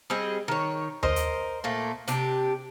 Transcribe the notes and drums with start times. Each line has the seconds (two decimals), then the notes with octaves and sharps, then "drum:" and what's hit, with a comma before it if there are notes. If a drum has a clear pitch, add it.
0.10 G3 C4 G#4 D#5
0.48 D#3 C#5
1.03 A#4 C5 D#5, drum: tom D#2
1.16 drum: hi-hat
1.64 A#2 A3 A#3
2.08 C3 D4 G4, drum: hi-hat